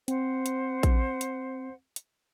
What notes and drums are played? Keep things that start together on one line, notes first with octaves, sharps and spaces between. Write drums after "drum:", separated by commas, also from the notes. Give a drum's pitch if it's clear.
C4 C5 F#5, drum: hi-hat
drum: hi-hat
drum: kick A#1, hi-hat
drum: hi-hat
drum: hi-hat